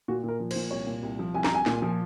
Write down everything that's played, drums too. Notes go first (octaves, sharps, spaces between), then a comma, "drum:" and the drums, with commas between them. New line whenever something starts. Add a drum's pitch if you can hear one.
A#2 F#4
A#2 A#4
F3
C5, drum: cymbal
A#2
C2 C#5
A#2
C2
F3
C2 G#5
A#5, drum: snare
C2 G#5
A#2, drum: snare
F3